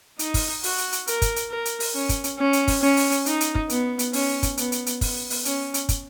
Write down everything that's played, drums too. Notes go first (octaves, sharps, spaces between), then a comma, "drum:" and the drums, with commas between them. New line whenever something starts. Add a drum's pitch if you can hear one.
D#4, drum: hi-hat
drum: kick, open hi-hat
F#4, drum: open hi-hat
drum: hi-hat
drum: hi-hat
A#4, drum: hi-hat
drum: kick, hi-hat
drum: hi-hat
A#4
drum: hi-hat
drum: open hi-hat
C#4
drum: kick, hi-hat
drum: hi-hat
C#4
drum: hi-hat
drum: kick, open hi-hat
C#4
drum: open hi-hat
drum: hi-hat
D#4, drum: hi-hat
drum: hi-hat
drum: kick
B3, drum: hi-hat
drum: hi-hat
C#4, drum: open hi-hat
drum: kick, hi-hat
B3, drum: hi-hat
drum: hi-hat
drum: hi-hat
B3, drum: kick, open hi-hat
drum: open hi-hat
C#4, drum: hi-hat
drum: hi-hat
drum: kick, hi-hat